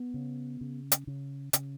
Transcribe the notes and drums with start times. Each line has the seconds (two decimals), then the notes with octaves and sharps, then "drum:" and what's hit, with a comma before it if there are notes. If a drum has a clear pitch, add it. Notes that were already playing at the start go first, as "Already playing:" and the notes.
Already playing: B3
0.14 C#3
0.61 C#3
0.92 drum: hi-hat
1.07 C#3
1.53 C#3, drum: hi-hat